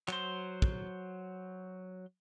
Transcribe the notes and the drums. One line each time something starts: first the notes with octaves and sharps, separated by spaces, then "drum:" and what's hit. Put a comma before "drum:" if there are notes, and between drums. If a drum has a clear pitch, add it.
F#3 C5, drum: clap
drum: kick